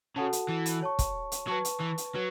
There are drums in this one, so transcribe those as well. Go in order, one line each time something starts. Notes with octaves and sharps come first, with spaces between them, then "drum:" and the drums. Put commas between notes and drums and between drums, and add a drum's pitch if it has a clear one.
C#3 F#4 A4 F#5 A5
drum: hi-hat
E3
drum: hi-hat
C#5 A5 C#6
drum: kick, hi-hat
drum: hi-hat
F#3 B4 A5 C#6
drum: hi-hat
E3
drum: hi-hat
F#3 B4